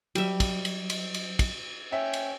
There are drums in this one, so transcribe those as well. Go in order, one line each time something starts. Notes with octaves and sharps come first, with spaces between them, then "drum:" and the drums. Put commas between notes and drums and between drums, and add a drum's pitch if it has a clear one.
F#3 G3 E5, drum: cymbal
drum: kick, cymbal
drum: cymbal
drum: cymbal
drum: cymbal
drum: kick, cymbal
C#4 E5 G5
drum: cymbal